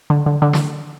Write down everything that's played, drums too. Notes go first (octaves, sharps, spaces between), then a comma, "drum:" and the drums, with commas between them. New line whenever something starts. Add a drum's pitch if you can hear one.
D3
D3
D3
drum: snare